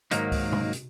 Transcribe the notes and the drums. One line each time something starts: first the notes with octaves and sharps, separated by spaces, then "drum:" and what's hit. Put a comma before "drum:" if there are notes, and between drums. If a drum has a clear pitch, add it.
G#2 D#3 F#3 A#3 D#4, drum: hi-hat
drum: kick C#2, open hi-hat
drum: tom C3
drum: hi-hat